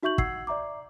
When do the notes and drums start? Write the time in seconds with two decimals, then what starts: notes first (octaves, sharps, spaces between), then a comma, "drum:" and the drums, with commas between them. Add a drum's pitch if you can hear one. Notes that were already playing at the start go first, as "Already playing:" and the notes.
0.03 D#4 F#4 E5 C#6 G6 F#7
0.18 F#5 E6 G#6 C7, drum: kick
0.47 D5 E5 A#5 D6